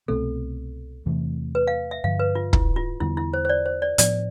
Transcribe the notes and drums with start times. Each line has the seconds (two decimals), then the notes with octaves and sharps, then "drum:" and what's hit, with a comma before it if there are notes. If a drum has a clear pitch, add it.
0.08 C2 B2 A3 C4 A4
1.06 E2 C3 E3 A3
1.55 B4
1.67 F5
1.91 E5
2.04 G2 D3 F3 F5
2.19 B4
2.35 F4
2.53 E4, drum: kick
2.76 F4
3.00 E2 D3 G3 B3 E4
3.17 E4
3.33 C5
3.45 C5
3.49 D5
3.66 C5
3.82 D5
3.98 A2 F3 B3 D4 D5, drum: hi-hat